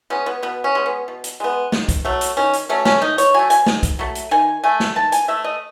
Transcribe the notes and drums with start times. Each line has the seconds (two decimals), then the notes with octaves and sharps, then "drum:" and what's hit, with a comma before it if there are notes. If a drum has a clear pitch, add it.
0.10 G#3 B3 C#4
0.26 B3
0.43 B2 B3
0.64 C#4
0.75 G#3 B3
0.86 B3
1.08 B2
1.24 drum: hi-hat
1.40 G#3 B3
1.72 D#3, drum: snare
1.89 drum: kick B1, hi-hat
2.05 F#3 A3
2.21 drum: hi-hat
2.37 D#3 C#4
2.53 drum: hi-hat
2.69 F#3 A3 C#4
2.85 C#4, drum: snare
3.02 D#3 D#4
3.18 C#5, drum: hi-hat
3.34 F#3 A3 G#5
3.50 G#5, drum: hi-hat
3.66 D#3, drum: snare
3.83 drum: kick B1, hi-hat
3.99 F#3 A3
4.15 drum: hi-hat
4.31 D#3 G#5
4.64 A3 G#5
4.80 drum: snare
4.96 D#3 A5
5.12 G#5, drum: hi-hat
5.28 A3 E5
5.44 D#5